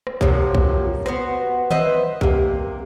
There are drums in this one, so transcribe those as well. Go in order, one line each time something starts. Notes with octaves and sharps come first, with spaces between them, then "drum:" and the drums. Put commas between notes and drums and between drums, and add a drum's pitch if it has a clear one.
drum: rim click
C3 F3 F#3 A#3, drum: kick B1
drum: kick B1
B3 F#4 C5, drum: rim click
B4 C5 D#5 E5, drum: tom
C3 A#3, drum: kick B1